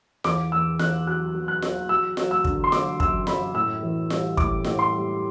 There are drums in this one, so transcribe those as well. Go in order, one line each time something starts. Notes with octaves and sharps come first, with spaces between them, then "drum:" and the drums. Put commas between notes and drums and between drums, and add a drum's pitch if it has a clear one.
E2 D6, drum: snare F4
E2 E6
E2 F#6, drum: snare F4
F#3 F#6
F#3
F#6
F#3, drum: snare F4
F#3 E6
F#3, drum: snare F4
E6
D3, drum: kick
C6
F#3 D6, drum: snare F4
F#2 E6, drum: kick
F#2 B5, drum: snare F4
A2 E6
E3
G3, drum: snare F4
A2 D6, drum: kick
A2, drum: snare F4
C6
G3